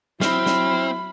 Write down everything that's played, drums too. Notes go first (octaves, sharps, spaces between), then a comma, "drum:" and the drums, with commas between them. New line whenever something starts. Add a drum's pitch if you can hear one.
F#3 C4 E4 B5 F6, drum: snare
drum: snare